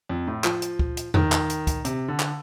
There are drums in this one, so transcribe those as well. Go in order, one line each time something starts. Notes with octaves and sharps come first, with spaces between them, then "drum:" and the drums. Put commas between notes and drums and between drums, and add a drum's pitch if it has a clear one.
F2
A2
F3, drum: clap
drum: hi-hat
drum: kick
drum: hi-hat
D#3, drum: tom E2
drum: clap
drum: hi-hat
drum: kick, hi-hat
C3, drum: hi-hat
D3
drum: clap